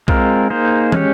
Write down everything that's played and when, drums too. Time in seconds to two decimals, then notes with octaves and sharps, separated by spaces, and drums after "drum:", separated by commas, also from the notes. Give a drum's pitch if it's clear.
0.08 G#3 C4 F4 A#4, drum: kick B1
0.50 A#3 D#4 G#4 C5
0.92 G#3 C#4 G4 C#5, drum: tom